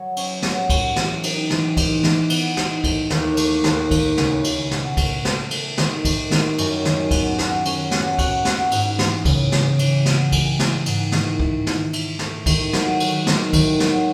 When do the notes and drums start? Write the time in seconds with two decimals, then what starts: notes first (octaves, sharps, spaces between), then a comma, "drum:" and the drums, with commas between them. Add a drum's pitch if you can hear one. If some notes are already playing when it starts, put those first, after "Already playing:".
Already playing: F#3
0.16 C#4, drum: cymbal
0.42 F#3, drum: snare
0.70 F#3, drum: kick, cymbal
0.96 E3, drum: snare
1.23 D#4, drum: cymbal
1.50 E3, drum: snare
1.77 D#4, drum: kick, cymbal
2.03 E3, drum: snare
2.30 B3, drum: cymbal
2.57 D#4, drum: snare
2.84 A3, drum: kick, cymbal
3.10 D#2, drum: snare
3.37 A3, drum: cymbal
3.64 D#2, drum: snare
3.91 D#2, drum: kick, cymbal
4.18 C#2, drum: snare
4.44 C#2, drum: cymbal
4.71 B2, drum: snare
4.97 A3, drum: kick, cymbal
5.25 A3, drum: snare
5.51 A3, drum: cymbal
5.78 D#3, drum: snare
6.05 D#3, drum: kick, cymbal
6.31 D#3, drum: snare
6.58 F#2, drum: cymbal
6.85 D#3, drum: snare
7.11 B3, drum: kick, cymbal
7.38 F#4, drum: snare
7.65 C#4, drum: cymbal
7.91 F#4, drum: snare
8.19 F#4, drum: kick, cymbal
8.45 F#4, drum: snare
8.71 G#2, drum: cymbal
8.99 E3, drum: snare
9.25 C#3, drum: kick, cymbal
9.52 C#3, drum: snare
9.79 E3, drum: cymbal
10.06 B3, drum: snare
10.32 G#3, drum: kick, cymbal
10.59 E4, drum: snare
10.86 G#2, drum: cymbal
11.12 D#3, drum: snare
11.40 E4, drum: kick
11.67 E4, drum: snare
11.93 E4, drum: cymbal
12.19 A3, drum: snare
12.46 D#3, drum: kick, cymbal
12.73 F#3, drum: snare
13.00 A3, drum: cymbal
13.27 D#3, drum: snare
13.53 D#3, drum: kick, cymbal
13.80 F#3, drum: snare